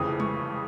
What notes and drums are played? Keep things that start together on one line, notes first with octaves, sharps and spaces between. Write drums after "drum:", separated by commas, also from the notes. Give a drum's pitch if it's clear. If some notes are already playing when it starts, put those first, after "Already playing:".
Already playing: F1 F2 C#3 E3 D#6
C#6, drum: tom G3